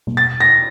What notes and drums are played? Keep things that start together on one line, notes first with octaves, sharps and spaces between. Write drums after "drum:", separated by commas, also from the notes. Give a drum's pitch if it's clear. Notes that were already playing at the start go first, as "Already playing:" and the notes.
drum: tom B2
A6
A#6